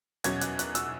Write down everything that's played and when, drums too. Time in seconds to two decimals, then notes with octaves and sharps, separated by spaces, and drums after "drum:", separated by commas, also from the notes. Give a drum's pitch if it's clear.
0.24 E2 B2 F#3 C#4 G#6, drum: hi-hat
0.41 F#6, drum: hi-hat
0.59 F#6, drum: hi-hat
0.75 E6, drum: hi-hat